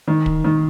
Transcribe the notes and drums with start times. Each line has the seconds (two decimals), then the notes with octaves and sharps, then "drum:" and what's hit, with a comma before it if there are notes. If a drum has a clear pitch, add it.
0.08 D#3
0.26 drum: kick
0.44 D#3